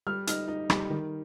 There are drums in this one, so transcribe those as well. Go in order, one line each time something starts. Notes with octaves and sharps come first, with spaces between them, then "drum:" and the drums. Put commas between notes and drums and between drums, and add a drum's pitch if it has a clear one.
G3 F6
D#4 F6, drum: hi-hat
D#4
G3, drum: rim click
D#3